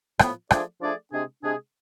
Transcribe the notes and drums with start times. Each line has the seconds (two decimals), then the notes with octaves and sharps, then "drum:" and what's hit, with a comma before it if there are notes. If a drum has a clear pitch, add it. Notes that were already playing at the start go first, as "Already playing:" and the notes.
0.19 A2 F3 B3, drum: rim click
0.51 F3 A3 D4 G#4 D5, drum: rim click
0.81 F3 A3 D4 G#4 D5
1.12 C3 G#3 D4 G#4
1.42 C3 G#3 D4 G#4